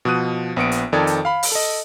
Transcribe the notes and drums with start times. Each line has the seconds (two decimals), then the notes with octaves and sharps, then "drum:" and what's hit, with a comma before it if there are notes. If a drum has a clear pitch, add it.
0.05 B2 F3 D#6 F#6 D#7
0.57 A#1 B3 D#6 C#7 D7
0.72 drum: hi-hat
0.93 F2 D#3 A4 D5 D#6 G#6
1.07 drum: hi-hat
1.25 F5 B5
1.43 drum: open hi-hat
1.52 A4 D#5